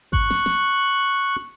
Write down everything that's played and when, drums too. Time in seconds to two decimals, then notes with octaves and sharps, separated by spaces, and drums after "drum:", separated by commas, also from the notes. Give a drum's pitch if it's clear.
0.13 C#6 F#6, drum: kick G#1
0.30 drum: snare
0.46 drum: snare